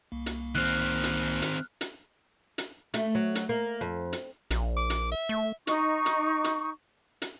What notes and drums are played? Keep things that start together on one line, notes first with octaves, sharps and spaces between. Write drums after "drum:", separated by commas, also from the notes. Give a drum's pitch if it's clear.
C2 A#3
drum: hi-hat
D#3 C4 F6 F#6
drum: hi-hat
drum: hi-hat
drum: hi-hat
drum: hi-hat
A3, drum: hi-hat
F#3
drum: hi-hat
A#3
F2
drum: hi-hat
A#1, drum: hi-hat
D6
drum: hi-hat
E5
A3
D#4 C#6, drum: hi-hat
drum: hi-hat
drum: hi-hat
drum: hi-hat